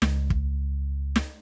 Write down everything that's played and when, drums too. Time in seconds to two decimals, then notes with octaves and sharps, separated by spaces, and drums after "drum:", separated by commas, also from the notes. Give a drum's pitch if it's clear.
0.02 C#2, drum: snare
0.30 drum: kick
1.16 drum: snare